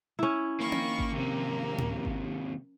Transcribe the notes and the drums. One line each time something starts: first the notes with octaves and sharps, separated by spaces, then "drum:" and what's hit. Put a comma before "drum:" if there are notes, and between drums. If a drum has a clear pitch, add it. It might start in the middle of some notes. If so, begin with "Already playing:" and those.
C#4 E4
D#3 A#3 B5 C#6
drum: tom C4
drum: kick G#1
D#2 C3 F3 A#3
drum: tom A2
drum: kick G#1